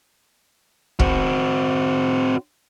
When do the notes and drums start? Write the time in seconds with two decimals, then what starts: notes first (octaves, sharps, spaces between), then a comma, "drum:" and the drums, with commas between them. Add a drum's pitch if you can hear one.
0.99 C4 F#4, drum: kick